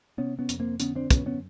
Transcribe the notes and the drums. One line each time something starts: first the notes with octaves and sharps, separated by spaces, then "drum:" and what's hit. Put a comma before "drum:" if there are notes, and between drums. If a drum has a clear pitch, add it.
C3 B3 C#4
B3 C#4
F2, drum: hi-hat
A#3 C4
D3 B3 C#4, drum: hi-hat
C4 D4
F#2 B3 C#4, drum: kick, hi-hat
B3 C#4